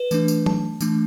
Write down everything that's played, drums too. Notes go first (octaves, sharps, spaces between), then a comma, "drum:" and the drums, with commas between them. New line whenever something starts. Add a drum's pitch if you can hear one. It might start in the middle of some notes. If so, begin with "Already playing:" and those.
Already playing: B4
E3 A3 D4, drum: tambourine
drum: tambourine
A5, drum: tom F#3
E3 A3 D4, drum: tambourine